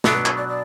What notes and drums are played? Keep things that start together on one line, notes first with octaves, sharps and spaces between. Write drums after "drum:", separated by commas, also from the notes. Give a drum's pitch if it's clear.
B2 F#3 B3 D4 A4, drum: snare
B4
drum: clap
D5
D5